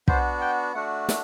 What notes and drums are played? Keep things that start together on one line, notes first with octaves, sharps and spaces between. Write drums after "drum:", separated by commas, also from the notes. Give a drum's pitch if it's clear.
B3 D4 F#4 C5, drum: kick
G5
A3 D4 F#4 F#5
drum: snare